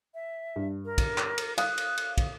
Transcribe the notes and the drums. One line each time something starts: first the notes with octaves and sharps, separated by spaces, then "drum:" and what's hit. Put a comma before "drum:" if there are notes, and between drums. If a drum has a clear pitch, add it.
E5
G2
A#4
drum: kick, cymbal
drum: clap
drum: cymbal
F5 D#6 F#6, drum: cymbal
drum: cymbal
drum: cymbal
drum: kick, cymbal